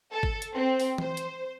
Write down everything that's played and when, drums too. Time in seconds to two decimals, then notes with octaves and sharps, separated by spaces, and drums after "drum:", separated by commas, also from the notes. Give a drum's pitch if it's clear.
0.12 A4
0.23 drum: kick G#1
0.42 drum: hi-hat
0.53 C4
0.80 drum: open hi-hat
0.98 C5, drum: tom E3
1.17 drum: hi-hat